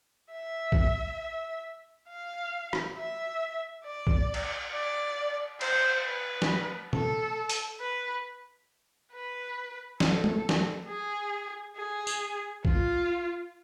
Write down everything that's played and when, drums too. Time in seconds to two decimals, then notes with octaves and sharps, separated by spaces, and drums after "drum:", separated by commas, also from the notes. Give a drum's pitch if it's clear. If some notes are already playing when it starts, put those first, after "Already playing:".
0.33 E5
0.72 drum: kick A#1
2.09 F5
2.73 drum: rim click
2.97 E5
3.85 D5
4.07 drum: kick A#1
4.34 drum: cymbal
4.73 D5
5.61 C5, drum: cymbal
6.05 B4
6.42 drum: snare
6.93 A4, drum: tom
7.49 drum: hi-hat
7.80 B4
9.13 B4
10.00 A4, drum: snare
10.24 drum: tom
10.49 drum: snare
10.88 G#4
11.76 G#4
12.07 drum: tambourine
12.65 F4, drum: kick A#1